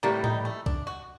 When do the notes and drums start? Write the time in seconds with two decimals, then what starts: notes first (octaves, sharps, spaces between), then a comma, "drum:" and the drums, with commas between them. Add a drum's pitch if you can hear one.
0.03 A2 E3 G3 A#3
0.24 D#4, drum: tom A2
0.45 A3
0.66 D4, drum: kick
0.87 F#4